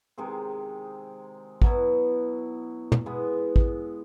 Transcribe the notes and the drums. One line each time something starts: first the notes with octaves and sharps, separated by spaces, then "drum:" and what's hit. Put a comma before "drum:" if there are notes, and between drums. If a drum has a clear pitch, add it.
C3 D#3 G#3 C4
B2 F#3 B3 E4, drum: kick A1
drum: tom
G#3 B3 E4
drum: kick A1